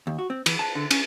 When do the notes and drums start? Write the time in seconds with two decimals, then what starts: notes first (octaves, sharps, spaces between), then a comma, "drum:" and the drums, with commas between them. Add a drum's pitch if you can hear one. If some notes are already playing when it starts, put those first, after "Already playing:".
0.07 D#2
0.19 F#4
0.30 C4
0.46 E3, drum: cymbal
0.59 A5
0.75 D3
0.91 C#4, drum: cymbal